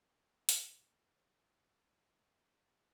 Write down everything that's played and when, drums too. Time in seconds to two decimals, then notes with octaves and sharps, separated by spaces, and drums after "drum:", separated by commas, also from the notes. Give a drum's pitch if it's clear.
0.22 G4
0.49 F#4, drum: hi-hat
0.98 A#4
1.30 F5
2.06 F#5
2.53 D#2